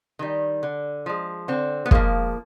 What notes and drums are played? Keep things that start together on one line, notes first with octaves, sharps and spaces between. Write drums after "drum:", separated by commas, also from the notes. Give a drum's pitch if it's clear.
D#3 G3
D3
F3 G#3
D3 C4
B3
F3 G#3 A#3, drum: kick